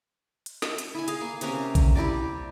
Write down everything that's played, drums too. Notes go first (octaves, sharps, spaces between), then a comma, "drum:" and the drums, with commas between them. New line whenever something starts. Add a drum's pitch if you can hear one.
drum: hi-hat
drum: snare
drum: hi-hat
E4 G#5
G#4 F5, drum: hi-hat
A#3
C3 A#3 C#4 A#4, drum: hi-hat
drum: kick A#1, hi-hat
G3 E4 G4 D5